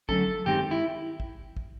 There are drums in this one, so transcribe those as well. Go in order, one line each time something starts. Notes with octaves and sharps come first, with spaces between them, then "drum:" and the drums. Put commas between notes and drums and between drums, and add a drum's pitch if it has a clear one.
D3 F#3 A3 C#4 A4, drum: kick
G2 D#3 G#3 C4 G4
E4
drum: kick
drum: kick